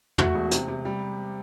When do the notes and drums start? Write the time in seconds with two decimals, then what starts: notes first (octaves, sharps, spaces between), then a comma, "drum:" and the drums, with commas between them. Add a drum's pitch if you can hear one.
0.18 A3 F#4, drum: tom
0.35 E1
0.51 C3, drum: hi-hat
0.68 C3
0.85 G3